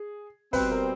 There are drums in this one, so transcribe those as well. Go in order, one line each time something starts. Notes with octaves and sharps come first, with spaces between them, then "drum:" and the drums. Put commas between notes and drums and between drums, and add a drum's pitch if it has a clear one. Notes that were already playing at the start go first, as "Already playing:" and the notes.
Already playing: G#4
B2 G3 C4 B4, drum: kick, open hi-hat
A#4